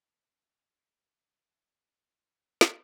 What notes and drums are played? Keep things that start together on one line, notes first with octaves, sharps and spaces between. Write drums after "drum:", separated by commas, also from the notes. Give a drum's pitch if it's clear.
D4 E5 D6
drum: snare